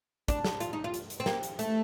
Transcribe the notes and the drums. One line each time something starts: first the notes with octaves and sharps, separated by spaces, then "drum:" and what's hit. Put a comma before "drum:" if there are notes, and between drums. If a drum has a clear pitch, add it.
D4, drum: kick, hi-hat
drum: snare
F4, drum: hi-hat
D#4
F4
drum: hi-hat
drum: hi-hat
C4
A#3, drum: snare
drum: hi-hat
A3, drum: hi-hat